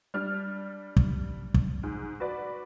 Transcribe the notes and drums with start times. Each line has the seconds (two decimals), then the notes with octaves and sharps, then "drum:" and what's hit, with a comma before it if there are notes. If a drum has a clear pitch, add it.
0.14 G3 D4 F6
0.97 drum: kick
1.54 drum: kick
1.83 G#2
2.20 F#4 B4 D5